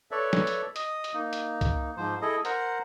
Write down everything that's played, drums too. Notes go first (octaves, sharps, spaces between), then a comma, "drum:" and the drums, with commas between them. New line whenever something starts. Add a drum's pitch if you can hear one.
A4 B4 C#5 D5 E5
drum: snare
drum: hi-hat
D#5 D#6, drum: hi-hat
drum: hi-hat
A#3 D#4
drum: hi-hat
drum: kick C2, hi-hat
G#2 F3 C5
E4 G#4 A4 D#5
A#4 C5 F#5 A#5, drum: hi-hat